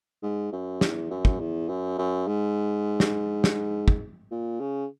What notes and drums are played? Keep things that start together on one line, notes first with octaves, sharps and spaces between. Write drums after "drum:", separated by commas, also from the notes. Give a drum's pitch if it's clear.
G#2
F#2
E2, drum: snare
F#2
drum: kick
E2
F#2
F#2
G#2
drum: snare
drum: snare
drum: kick
A#2
C#3